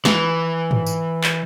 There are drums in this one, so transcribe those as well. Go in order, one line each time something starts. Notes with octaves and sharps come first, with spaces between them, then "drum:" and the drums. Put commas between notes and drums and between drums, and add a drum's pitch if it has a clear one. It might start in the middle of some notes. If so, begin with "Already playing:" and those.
E3, drum: snare
drum: tom G#2
drum: tambourine
drum: clap